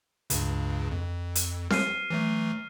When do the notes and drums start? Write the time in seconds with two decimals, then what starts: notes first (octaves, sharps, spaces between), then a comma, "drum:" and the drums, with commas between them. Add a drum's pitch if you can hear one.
0.30 C#2 G2 C#3, drum: hi-hat
0.91 F2
1.35 drum: hi-hat
1.71 F6 C7 D#7, drum: snare C4
2.10 E3 F#3 A3